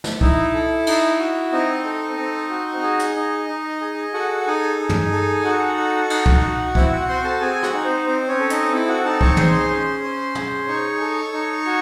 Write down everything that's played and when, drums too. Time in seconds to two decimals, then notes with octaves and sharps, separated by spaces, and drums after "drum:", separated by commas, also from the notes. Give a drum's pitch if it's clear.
0.04 drum: snare
0.21 D#4 E4 E5, drum: kick C2
0.54 A4
0.87 D#4, drum: cymbal
1.19 F#4
1.52 C4 D#4 D#5
1.85 A4
2.17 C4
2.50 F#4
2.83 G#4
2.99 drum: hi-hat
3.16 D#4
3.49 D#4
3.81 G#4
4.14 F#4 A4 F#5
4.47 D#4 G#4 G#5
4.79 D#4
4.89 drum: tom
5.12 A4
5.44 D#4 F#4 F#5
5.78 A4
6.10 D#4, drum: cymbal
6.26 drum: kick C2
6.43 F#4
6.75 C4 E4 E5, drum: kick C2
6.92 F#4 F#5
7.08 F#4 C5 C6
7.24 A4 A5
7.41 C4 G#4 G#5
7.63 F#4 F#5, drum: rim click
7.73 D#4
7.85 C5
8.07 C4 C5
8.28 C#4 C#5
8.40 A4
8.50 D#4 D#5, drum: hi-hat
8.72 C4 E4 E5
8.89 F#4 F#5
9.04 D#4 A4 A5
9.21 C#5 C#6, drum: kick C2
9.37 G#4 C5 C6, drum: tom
9.70 C#4
10.03 C#4
10.35 G#4, drum: tom
10.68 D#4 C#5 C#6
11.01 A4
11.34 D#4
11.66 F#4